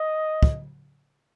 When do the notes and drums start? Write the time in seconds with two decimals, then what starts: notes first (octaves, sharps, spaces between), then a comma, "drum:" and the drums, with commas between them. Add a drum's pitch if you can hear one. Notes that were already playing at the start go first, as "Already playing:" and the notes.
Already playing: D#5
0.43 drum: kick